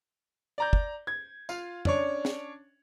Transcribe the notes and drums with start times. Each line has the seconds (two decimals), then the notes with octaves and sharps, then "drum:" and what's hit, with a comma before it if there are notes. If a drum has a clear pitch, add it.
0.58 D5 A#5 G6
0.73 drum: kick
1.07 G#6
1.49 F4 F5, drum: tambourine
1.85 C#4 D4 C#5, drum: tom F2
2.25 drum: snare